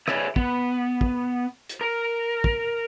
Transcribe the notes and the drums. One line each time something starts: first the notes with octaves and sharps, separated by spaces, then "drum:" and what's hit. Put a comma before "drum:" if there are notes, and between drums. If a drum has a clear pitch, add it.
G#4 B4 C#5 D5 E5, drum: rim click
B3, drum: kick
drum: kick
drum: hi-hat
A#4
drum: kick